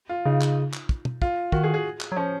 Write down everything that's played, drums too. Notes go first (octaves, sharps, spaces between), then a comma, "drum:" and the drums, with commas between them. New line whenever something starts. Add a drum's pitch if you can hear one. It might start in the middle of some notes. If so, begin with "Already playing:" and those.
F4
C#3 D#4
drum: clap
drum: clap
drum: kick
drum: tom
F4, drum: kick
D#3 F#4, drum: kick
G#4
G#4
drum: clap
F#3
F3 C#4